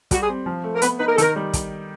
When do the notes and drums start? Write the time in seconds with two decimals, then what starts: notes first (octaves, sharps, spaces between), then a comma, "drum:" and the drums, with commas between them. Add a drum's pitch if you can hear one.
0.11 G3 F#4, drum: kick, hi-hat
0.22 G#4
0.29 C4
0.46 F3
0.64 A3
0.75 A#4
0.82 B3 B4, drum: hi-hat
0.99 D#4 B4
1.07 A#4
1.15 A4
1.18 D#3 A#4, drum: hi-hat
1.36 G3
1.53 drum: kick, hi-hat